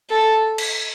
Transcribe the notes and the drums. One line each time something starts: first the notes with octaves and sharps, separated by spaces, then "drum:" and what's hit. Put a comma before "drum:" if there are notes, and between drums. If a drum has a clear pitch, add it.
A4
drum: cymbal